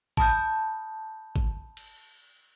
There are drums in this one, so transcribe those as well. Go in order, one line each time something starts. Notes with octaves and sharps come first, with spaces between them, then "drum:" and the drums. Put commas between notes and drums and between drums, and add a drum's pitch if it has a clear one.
A5 B5 D#6 F6 G6, drum: kick G#1
drum: kick G#1
drum: cymbal